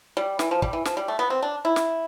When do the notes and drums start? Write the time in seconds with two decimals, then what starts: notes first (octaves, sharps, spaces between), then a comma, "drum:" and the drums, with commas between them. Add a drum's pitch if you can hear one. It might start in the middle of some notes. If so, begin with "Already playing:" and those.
0.17 G3
0.39 E3, drum: snare
0.51 F3
0.62 G3, drum: kick
0.73 E3
0.85 F3, drum: snare
0.97 G3
1.08 A3
1.19 B3
1.30 C4
1.42 D4
1.65 E4
1.76 drum: snare